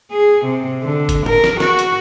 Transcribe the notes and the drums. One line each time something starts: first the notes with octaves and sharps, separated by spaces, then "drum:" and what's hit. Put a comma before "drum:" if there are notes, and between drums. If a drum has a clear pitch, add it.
G#4
C3
D3
drum: kick F#1, hi-hat
A#4, drum: tom
drum: snare
F#4, drum: snare
drum: hi-hat